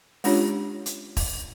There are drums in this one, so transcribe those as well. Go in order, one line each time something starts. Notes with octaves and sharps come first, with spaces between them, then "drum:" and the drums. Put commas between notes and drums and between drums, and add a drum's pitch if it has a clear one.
G#3 C#4 D4 F4 G4 C#5, drum: open hi-hat
drum: hi-hat
drum: kick E1, open hi-hat